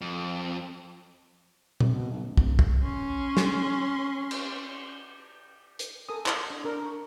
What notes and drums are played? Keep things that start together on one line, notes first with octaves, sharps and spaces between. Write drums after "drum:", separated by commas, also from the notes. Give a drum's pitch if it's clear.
F2
C2, drum: tom A#2
B2
B1
A1
D1, drum: kick
drum: kick
C#4 C6
drum: snare
drum: cymbal
drum: hi-hat
A4 A#4 G#5 D#6
E4 C5 C6 D6 D#6, drum: clap
D4
D4 A#4
C#6